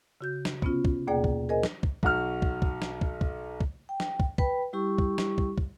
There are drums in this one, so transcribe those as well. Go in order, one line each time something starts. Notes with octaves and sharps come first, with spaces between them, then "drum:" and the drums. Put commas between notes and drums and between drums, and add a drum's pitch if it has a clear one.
C#3 F#4 G6
drum: snare
C3 B3 C#4 F4, drum: kick
drum: kick
D#2 B2 A#3 G#4 D5 G5
drum: kick
G#4 A#4 C5 D#5 G#5
drum: snare
drum: kick
B1 F#4 F6, drum: kick
drum: kick
drum: kick
drum: snare
drum: kick
drum: kick
drum: kick
G5
drum: snare
drum: kick
B4 G5 B5, drum: kick
G3 E4 G4 C#6
drum: kick
drum: snare
drum: kick
drum: kick